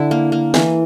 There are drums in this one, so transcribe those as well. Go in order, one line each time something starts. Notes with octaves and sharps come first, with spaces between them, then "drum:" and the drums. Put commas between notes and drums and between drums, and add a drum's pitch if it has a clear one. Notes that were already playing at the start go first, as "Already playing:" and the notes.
Already playing: D3 E4
A#3
A#3
E3, drum: snare